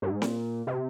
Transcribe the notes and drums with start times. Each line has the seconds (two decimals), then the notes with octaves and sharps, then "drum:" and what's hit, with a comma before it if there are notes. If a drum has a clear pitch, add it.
0.02 G2
0.11 G#2
0.22 A#2, drum: snare C4
0.67 C3